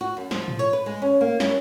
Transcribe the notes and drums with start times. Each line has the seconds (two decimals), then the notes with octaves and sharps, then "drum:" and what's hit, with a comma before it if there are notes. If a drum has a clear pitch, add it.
0.01 F#4
0.17 F#2
0.31 F3, drum: snare
0.48 drum: tom A2
0.59 C#5
0.73 B4
0.86 G#3
1.02 C#4
1.21 A#3
1.40 C#4, drum: snare